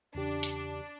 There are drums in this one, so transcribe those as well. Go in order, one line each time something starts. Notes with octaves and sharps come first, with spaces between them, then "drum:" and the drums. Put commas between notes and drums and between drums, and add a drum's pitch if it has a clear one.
E2 C#3 D4 G4
drum: hi-hat